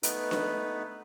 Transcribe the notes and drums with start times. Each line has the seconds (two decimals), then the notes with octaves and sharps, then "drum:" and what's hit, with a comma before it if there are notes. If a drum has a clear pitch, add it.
0.03 A3 B3 D#4 B4, drum: hi-hat
0.31 drum: snare D4